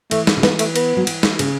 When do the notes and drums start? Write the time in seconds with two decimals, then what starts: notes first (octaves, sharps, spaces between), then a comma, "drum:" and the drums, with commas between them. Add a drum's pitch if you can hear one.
0.11 E3 A3, drum: cymbal
0.27 drum: snare
0.37 C#3
0.43 E3 B3, drum: snare
0.59 A3, drum: cymbal
0.76 B3, drum: cymbal
0.97 F#3
1.07 E3, drum: cymbal
1.23 drum: snare
1.39 C#3, drum: cymbal